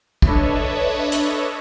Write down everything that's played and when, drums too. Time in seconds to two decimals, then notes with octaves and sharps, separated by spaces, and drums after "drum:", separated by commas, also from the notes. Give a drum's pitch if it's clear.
0.22 D4 A4 B4 C#5 D#5 E5, drum: kick
1.12 drum: hi-hat